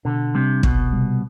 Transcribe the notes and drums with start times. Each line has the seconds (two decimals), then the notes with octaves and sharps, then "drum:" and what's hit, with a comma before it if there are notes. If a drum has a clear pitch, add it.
0.05 B2 D3
0.35 C3 G3 D4
0.63 C2 B2, drum: kick
0.93 C3 G3